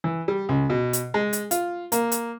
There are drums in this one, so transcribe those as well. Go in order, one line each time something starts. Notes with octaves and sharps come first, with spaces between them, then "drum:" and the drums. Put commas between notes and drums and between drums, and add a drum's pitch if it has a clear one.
E3
G3
C#2
B2
drum: hi-hat
G#3
drum: hi-hat
F4, drum: hi-hat
A#3, drum: hi-hat
drum: hi-hat